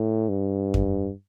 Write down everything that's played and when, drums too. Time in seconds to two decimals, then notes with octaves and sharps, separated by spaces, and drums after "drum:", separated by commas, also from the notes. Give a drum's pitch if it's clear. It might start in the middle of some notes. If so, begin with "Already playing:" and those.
Already playing: A2
0.29 G2
0.74 drum: kick F2